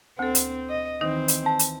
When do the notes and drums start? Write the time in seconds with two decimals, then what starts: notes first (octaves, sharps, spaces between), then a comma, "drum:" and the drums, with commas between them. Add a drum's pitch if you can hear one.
0.19 D2 C4 A4
0.35 drum: hi-hat
0.70 D#5
1.01 D#3 E3 C4 D#4 A#6
1.28 drum: hi-hat
1.46 A5
1.59 drum: hi-hat